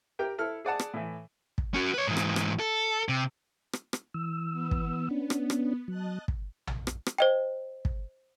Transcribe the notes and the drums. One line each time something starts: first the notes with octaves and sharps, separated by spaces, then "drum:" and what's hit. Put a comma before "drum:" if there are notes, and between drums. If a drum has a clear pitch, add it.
G4 A#4 G5
E4 A4 F6
G#4 D5 F#5 A5
drum: rim click
A2 E3
drum: kick
C#4 F#4
B4 C#5
G#2 E3
drum: rim click
drum: rim click
A4
C3
drum: rim click
drum: rim click
E3 E6
B3
drum: kick
C#4 D4
drum: rim click
drum: rim click
F#3 D#5 A5 F#6
drum: kick
drum: tom
drum: rim click
drum: rim click
C5 D#5 G5
drum: kick